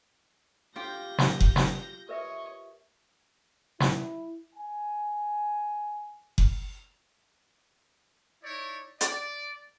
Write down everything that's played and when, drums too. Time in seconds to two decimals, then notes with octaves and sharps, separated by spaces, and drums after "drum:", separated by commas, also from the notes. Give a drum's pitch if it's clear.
0.76 F4 G4 G5 G6 A#6
1.18 drum: snare
1.40 drum: kick F#1
1.56 drum: snare
2.09 A#4 B4 C#5 D#5 E5
3.80 E4, drum: snare
4.55 G#5
6.38 drum: kick F#1
8.43 D#4 E4 C#5 D5
9.01 D5, drum: hi-hat